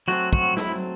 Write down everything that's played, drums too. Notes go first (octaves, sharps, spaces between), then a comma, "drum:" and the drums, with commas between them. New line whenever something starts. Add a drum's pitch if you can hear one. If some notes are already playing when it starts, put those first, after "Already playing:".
F#3 A3 C4 F#4
F#4, drum: kick
E4, drum: snare